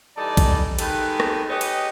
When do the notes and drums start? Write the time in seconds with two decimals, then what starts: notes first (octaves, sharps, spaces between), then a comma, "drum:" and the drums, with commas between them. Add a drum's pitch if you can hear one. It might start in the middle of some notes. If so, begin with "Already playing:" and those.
0.17 E3 G3 D#4 A4 D5 A5
0.37 drum: kick A#1, cymbal
0.79 D#3 G#3 G4 A4 B4, drum: cymbal
1.20 drum: rim click
1.49 G4 G#4 B4 C#5 D#5
1.61 drum: cymbal